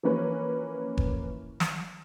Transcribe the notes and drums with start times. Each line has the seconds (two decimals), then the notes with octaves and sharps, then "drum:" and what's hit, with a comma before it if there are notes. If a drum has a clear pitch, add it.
0.03 E3 F3 A#3 C#4 B4 C#5
0.97 drum: kick E1
1.60 drum: snare